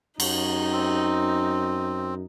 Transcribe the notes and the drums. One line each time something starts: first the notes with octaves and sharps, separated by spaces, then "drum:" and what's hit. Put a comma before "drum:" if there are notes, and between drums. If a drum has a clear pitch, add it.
F#2 D#4, drum: cymbal
C4